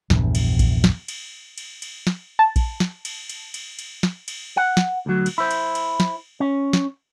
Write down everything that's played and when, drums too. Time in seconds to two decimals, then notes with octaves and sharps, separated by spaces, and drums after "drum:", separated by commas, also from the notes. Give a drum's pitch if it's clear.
0.10 A#1 E2 G2 C3, drum: snare
0.35 drum: cymbal
0.59 drum: kick A#1, cymbal
0.84 drum: snare
1.08 drum: cymbal
1.58 drum: cymbal
1.82 drum: cymbal
2.07 drum: snare
2.39 A5
2.56 drum: kick A#1, cymbal
2.80 drum: snare
3.05 drum: cymbal
3.30 drum: cymbal
3.54 drum: cymbal
3.79 drum: cymbal
4.03 drum: snare
4.28 drum: cymbal
4.57 F#5
4.77 drum: snare
5.06 D2 F#3
5.26 drum: cymbal
5.38 E4 C5
5.51 drum: cymbal
5.75 drum: cymbal
6.00 drum: snare
6.40 C#4
6.73 drum: snare